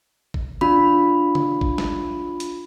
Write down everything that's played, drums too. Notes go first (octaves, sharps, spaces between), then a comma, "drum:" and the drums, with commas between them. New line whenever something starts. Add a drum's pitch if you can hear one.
drum: kick G#1
D4 F4 B5, drum: tom D#3
drum: tom C#3
drum: kick G#1
drum: snare
drum: hi-hat